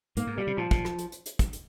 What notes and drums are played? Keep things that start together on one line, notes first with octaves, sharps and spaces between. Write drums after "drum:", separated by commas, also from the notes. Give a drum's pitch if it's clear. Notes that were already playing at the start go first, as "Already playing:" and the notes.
G#2 A#3, drum: hi-hat
G#2
A#2 G3
C3
A#2 F3
A#2, drum: kick
drum: rim click
drum: hi-hat
drum: hi-hat
drum: hi-hat
drum: kick, hi-hat
drum: hi-hat